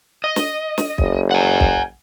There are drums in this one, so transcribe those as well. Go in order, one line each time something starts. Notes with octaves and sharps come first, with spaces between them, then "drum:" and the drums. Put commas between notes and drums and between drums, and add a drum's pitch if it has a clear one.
D#5
drum: snare
drum: snare
F#1, drum: kick
F#5 G#5
drum: kick